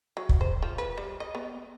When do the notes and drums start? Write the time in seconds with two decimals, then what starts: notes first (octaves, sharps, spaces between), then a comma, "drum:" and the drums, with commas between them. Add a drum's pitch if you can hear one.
0.17 F#3
0.29 drum: kick
0.41 C5
0.62 F3
0.78 B4
0.98 G3
1.20 D#5
1.35 B3